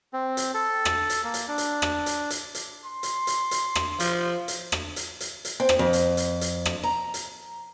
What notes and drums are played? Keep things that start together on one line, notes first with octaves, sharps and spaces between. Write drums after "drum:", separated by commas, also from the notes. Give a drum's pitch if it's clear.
C4
drum: hi-hat
A4
drum: rim click
drum: hi-hat
A#3
drum: hi-hat
D4
drum: hi-hat
drum: rim click
drum: hi-hat
drum: hi-hat
drum: hi-hat
C6
drum: hi-hat
drum: hi-hat
drum: hi-hat
drum: rim click
F3, drum: hi-hat
drum: hi-hat
drum: rim click
drum: hi-hat
drum: hi-hat
drum: hi-hat
C4
drum: rim click
F2
drum: hi-hat
drum: hi-hat
drum: hi-hat
drum: rim click
A#5
drum: hi-hat